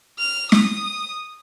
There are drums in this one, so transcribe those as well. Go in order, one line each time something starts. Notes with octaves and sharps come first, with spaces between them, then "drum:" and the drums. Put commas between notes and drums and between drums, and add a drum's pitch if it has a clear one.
F6
D#6, drum: snare